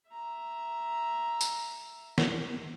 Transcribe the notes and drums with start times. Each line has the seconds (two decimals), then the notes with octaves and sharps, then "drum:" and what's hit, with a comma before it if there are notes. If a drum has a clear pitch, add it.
0.11 E5 A#5
1.41 drum: tambourine
2.18 drum: snare